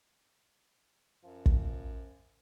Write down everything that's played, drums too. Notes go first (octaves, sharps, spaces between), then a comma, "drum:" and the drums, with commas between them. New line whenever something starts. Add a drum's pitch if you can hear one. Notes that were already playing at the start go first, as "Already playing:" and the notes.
F#2 F3
drum: kick